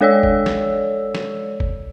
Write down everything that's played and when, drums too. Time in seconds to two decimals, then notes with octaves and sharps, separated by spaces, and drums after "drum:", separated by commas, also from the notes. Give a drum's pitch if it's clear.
0.01 G#3 A4 C#5 D5 E6
0.23 drum: kick F#1
0.46 drum: snare
1.15 drum: snare
1.60 drum: kick F#1